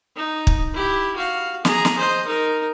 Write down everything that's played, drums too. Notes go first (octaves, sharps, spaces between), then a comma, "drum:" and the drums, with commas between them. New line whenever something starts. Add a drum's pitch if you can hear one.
D#4
drum: kick
E4 G4
F#4 F5
G#4 A#5, drum: snare
drum: snare
C5 D#5
D#4 A#4